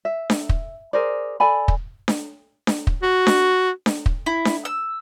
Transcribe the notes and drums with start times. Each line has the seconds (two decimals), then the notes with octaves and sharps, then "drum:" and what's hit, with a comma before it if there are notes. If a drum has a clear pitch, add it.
0.05 E5
0.30 drum: snare D4
0.49 drum: kick
0.93 G#4 A#4 C5 D5
1.40 A4 D5 G#5 B5
1.68 drum: kick
2.08 drum: snare D4
2.67 drum: snare D4
2.87 drum: kick
3.03 F#4
3.27 drum: snare D4
3.86 drum: snare D4
4.06 drum: kick
4.26 E4
4.45 drum: snare D4
4.65 E6